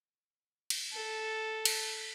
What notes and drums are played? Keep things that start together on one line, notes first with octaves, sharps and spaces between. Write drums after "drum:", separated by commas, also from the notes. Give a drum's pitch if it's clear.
drum: cymbal
A4
drum: cymbal